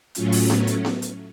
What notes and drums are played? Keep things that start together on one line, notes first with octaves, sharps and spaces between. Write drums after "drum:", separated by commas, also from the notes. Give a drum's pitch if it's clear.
A2 F#3 A3 C#4 F4, drum: hi-hat
drum: open hi-hat
drum: snare B3
drum: hi-hat
drum: snare B3
drum: hi-hat